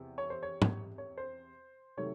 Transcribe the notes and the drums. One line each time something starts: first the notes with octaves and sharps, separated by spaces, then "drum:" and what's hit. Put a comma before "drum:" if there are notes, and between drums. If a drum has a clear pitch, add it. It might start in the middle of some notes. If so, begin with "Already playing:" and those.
Already playing: E2 C3
C#5
C5
C#5
drum: tom
C#5
C5
C3 D#3 F#3 A3 C#5